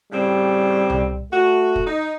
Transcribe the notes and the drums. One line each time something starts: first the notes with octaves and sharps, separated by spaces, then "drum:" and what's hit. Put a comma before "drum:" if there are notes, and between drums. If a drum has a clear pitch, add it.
A2 C#3 G3 C4
drum: tom C2
A3 F#4
drum: kick
D#4